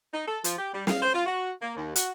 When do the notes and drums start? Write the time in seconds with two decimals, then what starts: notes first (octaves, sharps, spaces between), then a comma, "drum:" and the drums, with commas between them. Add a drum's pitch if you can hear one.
0.14 D#4
0.27 A4
0.44 F3, drum: hi-hat
0.58 G4
0.73 G3
0.87 F5, drum: snare
1.02 C5
1.14 F4
1.27 F#4
1.61 A#3
1.77 D#2
1.96 F#4, drum: hi-hat